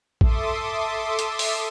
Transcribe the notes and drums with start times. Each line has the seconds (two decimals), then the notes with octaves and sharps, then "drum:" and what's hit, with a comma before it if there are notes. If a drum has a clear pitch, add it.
0.21 A4 E5 C6 D6 D#6, drum: kick A1
1.19 drum: hi-hat
1.39 drum: open hi-hat